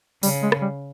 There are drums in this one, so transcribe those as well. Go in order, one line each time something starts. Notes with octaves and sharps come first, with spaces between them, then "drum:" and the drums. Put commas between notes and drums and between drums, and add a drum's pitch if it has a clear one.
C#3 G3, drum: open hi-hat
G#3
drum: rim click
G3